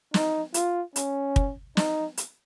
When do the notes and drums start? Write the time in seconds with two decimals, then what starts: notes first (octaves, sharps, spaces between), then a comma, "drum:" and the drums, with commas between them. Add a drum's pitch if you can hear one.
0.14 D#4, drum: snare
0.54 F4, drum: hi-hat
0.96 C#4, drum: hi-hat
1.36 drum: kick
1.77 D#4, drum: snare
2.17 drum: hi-hat